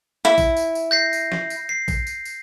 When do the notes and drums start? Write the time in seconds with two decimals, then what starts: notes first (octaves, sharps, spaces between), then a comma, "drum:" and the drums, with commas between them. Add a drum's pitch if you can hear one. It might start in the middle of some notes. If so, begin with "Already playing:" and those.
0.25 E4
0.38 drum: kick, tambourine
0.57 drum: tambourine
0.75 drum: tambourine
0.91 G6 A#6 C7
1.13 drum: tambourine
1.32 drum: snare
1.50 drum: tambourine
1.69 C7
1.88 drum: kick, tambourine
2.07 drum: tambourine
2.25 drum: tambourine